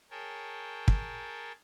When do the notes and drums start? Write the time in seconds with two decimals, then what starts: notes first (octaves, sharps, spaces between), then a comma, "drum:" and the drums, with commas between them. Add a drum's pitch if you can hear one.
0.11 G#4 A#4 C#5 G5 A5
0.88 drum: kick